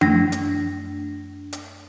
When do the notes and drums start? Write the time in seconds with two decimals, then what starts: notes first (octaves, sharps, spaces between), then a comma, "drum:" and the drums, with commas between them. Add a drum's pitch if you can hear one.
0.01 F#2 A3 D4 A#6, drum: tom F3
0.32 drum: hi-hat
1.53 drum: hi-hat